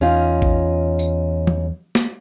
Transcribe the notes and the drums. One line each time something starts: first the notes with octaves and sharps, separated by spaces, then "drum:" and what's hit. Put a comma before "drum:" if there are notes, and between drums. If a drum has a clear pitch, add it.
E2 C#4 D#4 F4
drum: kick A1
drum: tambourine
drum: tom E3
drum: snare